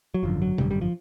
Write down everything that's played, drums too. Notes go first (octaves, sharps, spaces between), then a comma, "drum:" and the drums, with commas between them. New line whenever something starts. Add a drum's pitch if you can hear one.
F#3
G#1 F#2 D3 F3
F#3
G#1 F#2 D3 G3, drum: tom
G3
F3